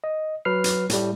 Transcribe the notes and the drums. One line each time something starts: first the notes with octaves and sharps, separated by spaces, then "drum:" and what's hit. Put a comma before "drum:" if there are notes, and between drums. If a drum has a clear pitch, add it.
D#5
F#3 B4 F6 C7
drum: hi-hat
A2 G3, drum: hi-hat